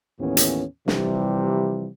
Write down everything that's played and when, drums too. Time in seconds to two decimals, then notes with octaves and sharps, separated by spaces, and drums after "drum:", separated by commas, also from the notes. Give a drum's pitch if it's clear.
0.20 D#2 A2 E3 B3 C#4
0.37 drum: hi-hat
0.88 C3 E3 F3 G3, drum: snare